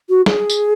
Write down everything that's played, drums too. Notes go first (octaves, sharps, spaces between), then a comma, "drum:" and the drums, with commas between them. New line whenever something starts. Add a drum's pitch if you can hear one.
F#4
G#4, drum: snare
drum: tambourine